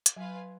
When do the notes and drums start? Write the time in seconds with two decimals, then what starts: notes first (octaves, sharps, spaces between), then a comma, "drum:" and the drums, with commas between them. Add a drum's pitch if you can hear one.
0.06 drum: hi-hat
0.16 F#3 F4 B4 F5 G#5